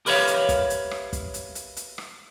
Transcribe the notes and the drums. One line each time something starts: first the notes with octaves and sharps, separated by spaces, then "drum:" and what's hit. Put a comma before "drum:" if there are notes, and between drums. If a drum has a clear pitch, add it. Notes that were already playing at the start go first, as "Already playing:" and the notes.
G4 A#4 B4 C#5 E5 F5, drum: open hi-hat
drum: hi-hat
drum: kick, hi-hat
drum: hi-hat
drum: rim click
drum: kick, hi-hat
drum: hi-hat
drum: hi-hat
drum: hi-hat
drum: rim click